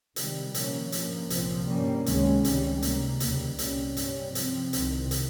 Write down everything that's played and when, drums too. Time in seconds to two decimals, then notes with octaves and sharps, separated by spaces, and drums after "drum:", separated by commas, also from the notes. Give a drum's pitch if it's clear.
0.16 C3 D#3 G3, drum: hi-hat
0.54 A#2 F3 A#3 C#4, drum: hi-hat
0.92 G2 F3 A#3, drum: hi-hat
1.30 C2 A#2 F3 C4, drum: hi-hat
1.69 G2 G3 A#3 C#4
2.06 C#2 C3 D#3 G#3 C#4, drum: hi-hat
2.45 C#2 C3 G3 C#4, drum: hi-hat
2.82 C3 D#3 A#3, drum: hi-hat
3.20 D#2 C#3 G3, drum: hi-hat
3.59 C2 A#2 G3 C#4, drum: hi-hat
3.97 G2 G3 C#4, drum: hi-hat
4.35 C3 F3 C4, drum: hi-hat
4.73 C2 C3 D#3, drum: hi-hat
5.11 drum: hi-hat